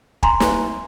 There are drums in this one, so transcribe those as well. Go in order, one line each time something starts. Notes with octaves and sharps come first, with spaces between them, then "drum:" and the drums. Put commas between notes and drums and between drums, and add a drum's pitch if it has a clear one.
G#5 A#5 C6, drum: kick
drum: snare